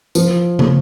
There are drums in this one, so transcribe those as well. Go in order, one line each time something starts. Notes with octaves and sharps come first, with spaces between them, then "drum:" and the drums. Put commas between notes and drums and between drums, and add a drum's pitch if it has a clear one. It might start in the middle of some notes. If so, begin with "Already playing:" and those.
F3, drum: tambourine
drum: tom